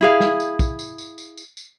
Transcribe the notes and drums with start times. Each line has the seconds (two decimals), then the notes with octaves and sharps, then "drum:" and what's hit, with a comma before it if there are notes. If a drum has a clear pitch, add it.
0.01 E4 G#4 F5
0.20 drum: snare
0.40 drum: tambourine
0.59 drum: kick, tambourine
0.79 drum: tambourine
0.98 drum: tambourine
1.18 drum: tambourine
1.37 drum: tambourine
1.57 drum: tambourine